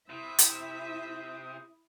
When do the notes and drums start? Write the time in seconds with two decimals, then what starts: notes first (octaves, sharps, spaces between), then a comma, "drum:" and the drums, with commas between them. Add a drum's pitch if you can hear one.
0.10 C3 E4 C5 E5 D#6
0.39 drum: hi-hat